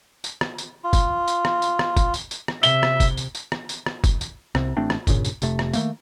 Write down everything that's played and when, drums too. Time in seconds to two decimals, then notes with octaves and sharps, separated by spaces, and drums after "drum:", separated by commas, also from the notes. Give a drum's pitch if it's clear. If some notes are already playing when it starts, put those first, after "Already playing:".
0.24 drum: tambourine
0.41 drum: rim click
0.58 drum: tambourine
0.84 F4
0.93 drum: kick, tambourine
1.27 drum: tambourine
1.45 drum: rim click
1.62 drum: tambourine
1.79 drum: rim click
1.97 drum: kick, tambourine
2.14 drum: tambourine
2.31 drum: tambourine
2.48 drum: rim click
2.63 C3 E5 G7, drum: tambourine
2.83 drum: rim click
3.00 drum: kick, tambourine
3.17 drum: tambourine
3.35 drum: tambourine
3.52 drum: rim click
3.69 drum: tambourine
3.86 drum: rim click
4.04 drum: kick, tambourine
4.21 drum: tambourine
4.55 C2 C3, drum: rim click
4.77 A1 A3 C4 D4
4.90 drum: rim click
5.07 G2 A#2 C#3, drum: kick, tambourine
5.25 drum: tambourine
5.42 F1 C3 A3, drum: tambourine
5.59 drum: rim click
5.73 D#3 A3 A#3, drum: tambourine